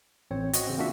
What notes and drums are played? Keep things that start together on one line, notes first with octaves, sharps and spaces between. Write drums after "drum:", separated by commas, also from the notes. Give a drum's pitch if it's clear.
A1 C4 C#5
F#4 D#5, drum: hi-hat
C#3 C4
A#3 D4 F4 F#4 E5